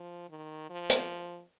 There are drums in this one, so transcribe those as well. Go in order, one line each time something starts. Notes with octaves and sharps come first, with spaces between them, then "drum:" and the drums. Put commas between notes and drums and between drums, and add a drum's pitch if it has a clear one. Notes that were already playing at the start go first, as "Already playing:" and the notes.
Already playing: F3
D#3
F3
drum: hi-hat